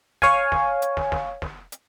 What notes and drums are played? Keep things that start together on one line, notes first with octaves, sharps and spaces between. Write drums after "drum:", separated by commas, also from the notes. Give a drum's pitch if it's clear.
C#5 F5 G#5, drum: snare
drum: snare
drum: hi-hat
drum: snare
drum: snare
drum: snare
drum: hi-hat